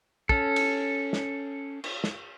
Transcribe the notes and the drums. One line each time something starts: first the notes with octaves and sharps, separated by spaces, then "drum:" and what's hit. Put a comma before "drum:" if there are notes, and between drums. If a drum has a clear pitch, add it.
C#4 A4, drum: kick
drum: cymbal
drum: snare
drum: cymbal
drum: snare